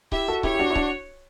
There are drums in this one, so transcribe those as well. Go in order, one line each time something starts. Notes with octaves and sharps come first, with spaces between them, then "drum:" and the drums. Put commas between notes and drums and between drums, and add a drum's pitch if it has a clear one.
E4 G4 E5, drum: kick C#1
F#4 A4
E4 G4 C#5, drum: kick C#1
G4
D4 F#4
E4
D4 F#4, drum: kick C#1